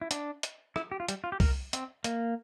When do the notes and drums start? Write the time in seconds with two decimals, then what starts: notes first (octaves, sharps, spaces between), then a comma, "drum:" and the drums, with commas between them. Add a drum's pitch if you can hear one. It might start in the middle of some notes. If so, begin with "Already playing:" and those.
0.01 E4
0.11 D4, drum: hi-hat
0.43 drum: hi-hat
0.76 E4, drum: rim click
0.92 G4
1.00 F4
1.09 G3, drum: hi-hat
1.24 F4
1.32 G4
1.40 A#4, drum: kick C2, open hi-hat
1.73 C4, drum: hi-hat
2.04 A#3, drum: hi-hat